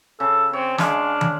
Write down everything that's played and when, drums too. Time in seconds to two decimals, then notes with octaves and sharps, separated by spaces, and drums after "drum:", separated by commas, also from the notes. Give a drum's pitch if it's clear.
0.20 C#3 A4
0.53 C4 C#5
0.78 G#3 D4 F5 B5, drum: snare
1.21 drum: tom